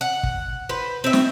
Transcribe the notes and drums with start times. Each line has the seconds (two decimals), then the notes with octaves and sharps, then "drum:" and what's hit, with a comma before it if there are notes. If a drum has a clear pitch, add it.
0.01 F#5
0.23 drum: kick
0.69 B4 C5
1.04 C4 E5
1.13 drum: snare